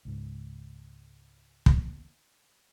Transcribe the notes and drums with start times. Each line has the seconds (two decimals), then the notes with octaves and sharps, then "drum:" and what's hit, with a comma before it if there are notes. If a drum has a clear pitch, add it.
0.05 C#2 G#2
1.66 drum: kick